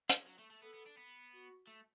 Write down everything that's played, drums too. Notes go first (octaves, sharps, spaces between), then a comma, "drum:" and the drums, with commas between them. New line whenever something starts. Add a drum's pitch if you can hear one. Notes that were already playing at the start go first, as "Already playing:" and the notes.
F#3, drum: hi-hat
F#3
A3
A3
B3 A4
B3
D4
B3
F#4
A3